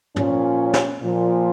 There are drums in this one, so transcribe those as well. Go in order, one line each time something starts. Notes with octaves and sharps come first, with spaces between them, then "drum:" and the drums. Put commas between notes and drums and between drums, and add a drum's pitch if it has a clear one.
A#2 F3 C#4, drum: tom
drum: snare
A#2 F3